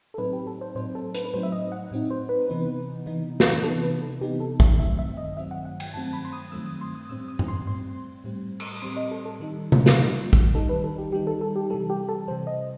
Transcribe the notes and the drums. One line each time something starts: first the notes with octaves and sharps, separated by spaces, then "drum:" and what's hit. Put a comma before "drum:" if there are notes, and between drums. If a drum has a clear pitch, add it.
A4
A2 F#3 C4 D#4 B4
G4
A4
C5
A2 F#3 C4 D#4 C5
A4
B4, drum: hi-hat
B4
A2 F#3 C4 D#4 C5
E5
D#5
F#5
A2 F#3 C4 D#4
C5
B4
C3 E3 B3 D#4
C3 E3 B3 D#4
drum: snare
C3 E3 B3 D#4 A4, drum: hi-hat
B4
A4
C3 E3 B3 D#4 G4
A4
E5, drum: kick A1
G2 D#3 F#3 A3 C4 E5
E5
D#5
G2 D#3 F#3 A3 C4 E5
F#5
F#5
G5, drum: cymbal
G2 D#3 F#3 A3 C4 A5
B5
C6
D#6
G2 D#3 F#3 A3 C4 E6
D#6
C6
D#6
D#6
A2 G3 C4 E6
D#6
drum: tom G2
C6
A2 G3 C4 C6
A2 G3 C4
E6, drum: cymbal
D#6
A2 G3 C4 C6
D#5
A4
A4
D#3 G3 D#4
drum: tom C3
drum: snare
D#3 G3 D#4
drum: kick A1
D#3 G3 D#4 A4
B4
A4
G4
D#3 G3 D#4 G4
A4
A4
G4
C3 E3 G3 A4
G4
A4
C3 E3 G3 C5
D#5